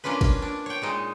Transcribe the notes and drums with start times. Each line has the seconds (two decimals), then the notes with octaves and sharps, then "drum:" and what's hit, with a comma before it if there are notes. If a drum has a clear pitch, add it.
0.04 A#3 C#4 D4 F4 B4
0.21 drum: kick, cymbal
0.42 D4
0.66 C#5 G5
0.82 A#2 G#3 D#4